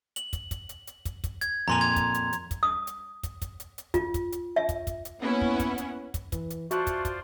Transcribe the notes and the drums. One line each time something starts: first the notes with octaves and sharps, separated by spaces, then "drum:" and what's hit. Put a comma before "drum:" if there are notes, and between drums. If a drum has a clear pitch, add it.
F#7, drum: hi-hat
drum: kick, hi-hat
drum: kick, hi-hat
drum: hi-hat
drum: hi-hat
drum: kick, hi-hat
drum: kick, hi-hat
G#6, drum: hi-hat
F2 A#2 G#5 A#5 C6 F7
G#6
drum: kick, hi-hat
drum: hi-hat
drum: hi-hat
drum: kick, hi-hat
D#6
drum: hi-hat
drum: kick, hi-hat
drum: kick, hi-hat
drum: hi-hat
drum: hi-hat
F4, drum: kick, hi-hat
drum: kick, hi-hat
drum: hi-hat
E5
drum: kick, hi-hat
drum: kick, hi-hat
drum: hi-hat
A#3 B3 C#4 E4 F#5
drum: kick
drum: kick, hi-hat
drum: hi-hat
drum: kick, hi-hat
E3, drum: kick, hi-hat
drum: hi-hat
F4 F#4 C5 D5 E5 A5 C#6 F#6, drum: hi-hat
drum: kick, hi-hat
drum: kick, hi-hat